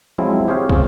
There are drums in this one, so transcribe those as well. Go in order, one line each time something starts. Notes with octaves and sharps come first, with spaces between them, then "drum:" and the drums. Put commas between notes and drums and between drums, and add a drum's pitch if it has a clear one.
F3 F#3 G#3 C4 E4 F4
C4 G4 G#4 C5 C#5 F5
C4 C#4 F4 G#4, drum: kick